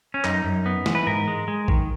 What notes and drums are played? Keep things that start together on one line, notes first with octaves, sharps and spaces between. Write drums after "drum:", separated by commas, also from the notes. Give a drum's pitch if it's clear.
C#4
F#2 D#4, drum: clap
F#2
B3
E3, drum: snare
B4
G#2 A#4
G#3
G#3
D#3, drum: kick